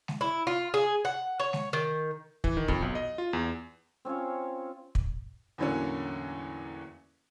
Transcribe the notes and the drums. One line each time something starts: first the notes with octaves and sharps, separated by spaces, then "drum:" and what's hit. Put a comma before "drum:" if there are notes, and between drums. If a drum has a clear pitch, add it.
drum: snare
E4
F4
G#4
F#5
C#5
drum: snare
D#3
E3, drum: kick
D#3
F2, drum: kick
B1
D#5
F4
E2
C4 C#4 F4 C#5
drum: kick
E2 A2 D3 F#3 A#3 C#4